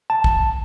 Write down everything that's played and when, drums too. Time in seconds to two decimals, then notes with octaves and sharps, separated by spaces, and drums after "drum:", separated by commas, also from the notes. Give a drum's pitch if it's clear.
0.10 A5
0.24 drum: kick